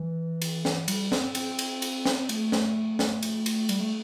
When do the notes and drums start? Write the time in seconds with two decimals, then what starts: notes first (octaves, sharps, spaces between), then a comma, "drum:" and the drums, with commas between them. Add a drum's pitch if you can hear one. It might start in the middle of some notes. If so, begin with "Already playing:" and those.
Already playing: E3
0.42 drum: cymbal
0.65 drum: snare
0.88 G3, drum: cymbal
1.12 C4, drum: snare
1.35 C4, drum: cymbal
1.59 drum: cymbal
1.82 drum: cymbal
2.05 drum: snare
2.29 A3, drum: cymbal
2.52 drum: snare
2.99 drum: snare
3.23 drum: cymbal
3.46 drum: cymbal
3.69 G3, drum: cymbal
3.80 A3